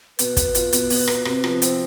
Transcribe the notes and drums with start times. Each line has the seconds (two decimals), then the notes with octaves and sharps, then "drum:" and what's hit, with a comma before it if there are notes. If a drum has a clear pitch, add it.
0.19 B2 B4, drum: hi-hat
0.37 B3, drum: kick, hi-hat
0.55 F4, drum: hi-hat
0.73 B2, drum: hi-hat
0.90 B2, drum: open hi-hat
1.07 B3, drum: rim click
1.25 C3, drum: rim click
1.44 F3, drum: rim click
1.62 C4, drum: hi-hat